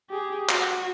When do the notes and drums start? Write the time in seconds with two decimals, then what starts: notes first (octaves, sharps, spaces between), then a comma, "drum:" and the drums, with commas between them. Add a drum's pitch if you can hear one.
0.10 G4 G#4
0.49 F#4, drum: clap